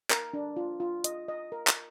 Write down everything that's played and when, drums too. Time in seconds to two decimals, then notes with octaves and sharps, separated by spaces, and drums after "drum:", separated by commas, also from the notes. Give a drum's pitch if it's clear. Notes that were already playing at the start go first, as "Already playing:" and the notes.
0.10 A#4, drum: clap
0.33 D4
0.57 F4
0.80 F4
1.04 D#5, drum: hi-hat
1.28 D#5
1.52 A#4
1.67 drum: clap